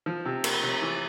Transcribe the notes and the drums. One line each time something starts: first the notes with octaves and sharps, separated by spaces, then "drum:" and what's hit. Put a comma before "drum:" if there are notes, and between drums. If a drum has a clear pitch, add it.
F3
C3
A#3, drum: cymbal
C3
E3